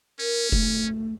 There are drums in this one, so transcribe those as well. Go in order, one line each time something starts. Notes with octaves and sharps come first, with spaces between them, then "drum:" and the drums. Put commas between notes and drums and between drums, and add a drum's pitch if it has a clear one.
C#4 A#4
A3, drum: kick F1